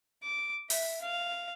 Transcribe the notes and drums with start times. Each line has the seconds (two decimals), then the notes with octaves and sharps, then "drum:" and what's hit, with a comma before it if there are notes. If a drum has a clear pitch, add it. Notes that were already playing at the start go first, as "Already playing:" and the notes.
0.23 D6
0.70 E5, drum: open hi-hat
1.01 F5